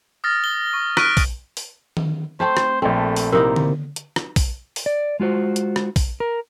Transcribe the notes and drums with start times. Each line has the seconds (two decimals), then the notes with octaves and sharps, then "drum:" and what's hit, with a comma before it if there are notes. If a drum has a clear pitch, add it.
0.24 D#6 F6 A6 A#6
0.44 G7
0.73 C#6
0.97 C#6 F6 F#6 B6 D7 D#7, drum: rim click
1.17 drum: kick, open hi-hat
1.57 drum: open hi-hat
1.97 drum: tom D#3
2.40 A3 C4 A4 C5
2.57 drum: rim click
2.82 A#1 A3 C4 A4
3.16 drum: open hi-hat
3.32 C3 A#3 D#4 E4 A#4
3.56 drum: tom D3
3.96 drum: hi-hat
4.16 drum: rim click
4.36 drum: kick, open hi-hat
4.76 drum: open hi-hat
4.86 D5
5.20 G#3 F4 F#4 C5
5.56 drum: hi-hat
5.76 drum: rim click
5.96 drum: kick, open hi-hat
6.20 A#4